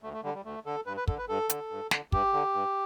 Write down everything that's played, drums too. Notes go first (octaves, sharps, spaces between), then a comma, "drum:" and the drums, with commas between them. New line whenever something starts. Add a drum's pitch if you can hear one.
D2 A3
A3
D3 G3
G3
D2 A3
D3 A4
G2 B4
B4
D3 A4, drum: kick
B4
G2 A4
D3, drum: hi-hat
G2
D3, drum: snare
G2 G4, drum: kick
D3
G2